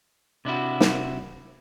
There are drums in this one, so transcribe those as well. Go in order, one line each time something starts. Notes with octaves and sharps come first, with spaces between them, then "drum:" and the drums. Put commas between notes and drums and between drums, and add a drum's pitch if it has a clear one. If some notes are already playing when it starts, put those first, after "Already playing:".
C3 D4 E4 F#4
drum: snare